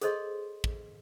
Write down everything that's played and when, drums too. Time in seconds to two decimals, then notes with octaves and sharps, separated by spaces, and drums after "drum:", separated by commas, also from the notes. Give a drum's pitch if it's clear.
0.01 G#4 A4 C5 C#5 D#5 C6, drum: hi-hat
0.64 drum: kick